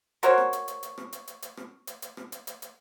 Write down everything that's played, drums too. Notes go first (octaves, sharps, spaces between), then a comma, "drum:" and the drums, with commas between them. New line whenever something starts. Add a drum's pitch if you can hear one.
F#4 A#4 C5 C#5, drum: hi-hat
drum: rim click
drum: hi-hat
drum: hi-hat
drum: hi-hat
drum: rim click
drum: hi-hat
drum: hi-hat
drum: hi-hat
drum: rim click
drum: hi-hat
drum: hi-hat
drum: rim click
drum: hi-hat
drum: hi-hat
drum: hi-hat